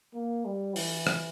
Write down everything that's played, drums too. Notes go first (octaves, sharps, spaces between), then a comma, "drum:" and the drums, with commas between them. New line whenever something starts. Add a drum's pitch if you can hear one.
A#3
G3
E3, drum: open hi-hat
drum: rim click